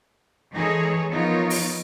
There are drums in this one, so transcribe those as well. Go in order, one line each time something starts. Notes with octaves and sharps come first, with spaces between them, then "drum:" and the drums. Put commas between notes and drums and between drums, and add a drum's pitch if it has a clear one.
E3 G#3 D#4 G#4 A4 C#5
F3 B3 D#4 F4 A#4 C#5
drum: open hi-hat